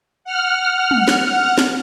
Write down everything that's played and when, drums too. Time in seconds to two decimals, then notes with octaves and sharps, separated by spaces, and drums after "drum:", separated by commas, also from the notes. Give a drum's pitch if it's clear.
0.24 F#5 F6
0.91 drum: tom
1.08 drum: snare
1.58 drum: snare